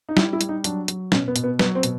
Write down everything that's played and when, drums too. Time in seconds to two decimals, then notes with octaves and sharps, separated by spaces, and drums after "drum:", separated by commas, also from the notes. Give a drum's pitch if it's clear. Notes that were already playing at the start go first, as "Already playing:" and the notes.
0.09 D#4
0.17 G3 E4, drum: snare
0.33 E4
0.41 G3, drum: hi-hat
0.49 D#4
0.64 F#3 D4, drum: hi-hat
0.88 F#3, drum: hi-hat
1.12 B2 C#4, drum: snare
1.28 B3
1.36 B2, drum: hi-hat
1.44 B3
1.59 F#3 B3, drum: snare
1.75 C4
1.83 B2, drum: hi-hat